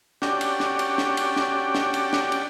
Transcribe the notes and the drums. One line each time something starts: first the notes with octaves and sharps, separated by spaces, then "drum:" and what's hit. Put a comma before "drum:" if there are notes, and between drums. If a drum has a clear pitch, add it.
C#4 D4 F#4 G4 D5 G5, drum: snare
drum: cymbal
drum: snare
drum: cymbal
drum: snare
drum: cymbal
drum: snare
drum: snare
drum: cymbal
drum: snare
drum: cymbal